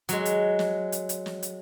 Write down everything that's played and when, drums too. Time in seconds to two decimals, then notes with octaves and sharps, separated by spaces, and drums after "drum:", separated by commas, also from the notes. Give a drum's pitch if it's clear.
0.09 F#3 G#3, drum: hi-hat
0.25 drum: hi-hat
0.59 drum: snare
0.92 drum: hi-hat
1.09 drum: hi-hat
1.26 drum: snare
1.43 drum: hi-hat